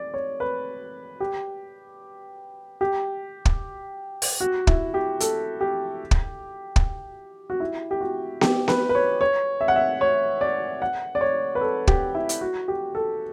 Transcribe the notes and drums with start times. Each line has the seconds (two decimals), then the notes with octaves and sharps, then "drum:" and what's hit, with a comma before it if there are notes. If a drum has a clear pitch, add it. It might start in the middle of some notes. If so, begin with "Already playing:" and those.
Already playing: D5
0.14 C#5
0.40 B4
1.20 G4
2.81 G4
3.45 drum: kick
4.22 drum: open hi-hat
4.40 F#4
4.67 E4, drum: kick
4.94 G4
5.20 A4, drum: hi-hat
5.61 G4
6.11 drum: kick
6.76 drum: kick
7.50 F#4
7.60 E4
7.91 G4
8.01 F#4
8.41 G4, drum: snare B3
8.68 B4, drum: snare B3
8.89 B4
8.95 C#5
9.21 C#5
9.61 E5
9.68 F#5
9.76 E5
10.01 C#5
10.41 D5
10.82 F#5
11.15 D5
11.21 C#5
11.55 B4
11.61 A4
11.87 G4, drum: kick
12.15 E4
12.29 drum: hi-hat
12.41 F#4
12.68 G4
12.95 A4